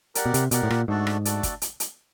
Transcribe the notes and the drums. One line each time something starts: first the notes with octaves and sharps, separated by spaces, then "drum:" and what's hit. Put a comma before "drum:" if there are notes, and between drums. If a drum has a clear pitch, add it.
G4 A#4 D5 F#5, drum: hi-hat
B2
C3, drum: hi-hat
B2 G4 A#4 D5 F#5, drum: hi-hat
A2
A#2, drum: rim click
G#2 A3 D4 F#4 A4 D5
drum: rim click
A3 D4 F#4 A4 D5, drum: hi-hat
drum: kick, hi-hat
drum: hi-hat
drum: hi-hat